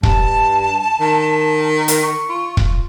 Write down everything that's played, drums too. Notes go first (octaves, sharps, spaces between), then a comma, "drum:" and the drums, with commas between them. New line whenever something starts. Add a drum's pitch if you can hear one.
G2 A5, drum: kick
D#3
drum: hi-hat
C#6
F4
drum: kick